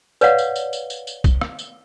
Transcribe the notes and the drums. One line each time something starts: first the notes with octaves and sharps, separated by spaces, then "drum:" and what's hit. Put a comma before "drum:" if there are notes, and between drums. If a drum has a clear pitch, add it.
B4 C#5 D5 F5 F#5, drum: tambourine
drum: tambourine
drum: tambourine
drum: tambourine
drum: tambourine
drum: tambourine
drum: kick, tambourine
drum: rim click
drum: tambourine